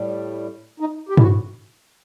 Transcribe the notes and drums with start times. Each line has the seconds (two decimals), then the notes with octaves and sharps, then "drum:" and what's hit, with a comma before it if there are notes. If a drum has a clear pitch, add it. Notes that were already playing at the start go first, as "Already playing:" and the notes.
Already playing: A2 G3
0.80 D#4
1.09 G4
1.17 E4, drum: tom G2
1.22 F#4